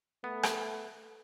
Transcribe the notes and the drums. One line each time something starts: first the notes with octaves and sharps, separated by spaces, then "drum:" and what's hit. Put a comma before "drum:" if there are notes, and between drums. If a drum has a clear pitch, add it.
A3 B3
drum: rim click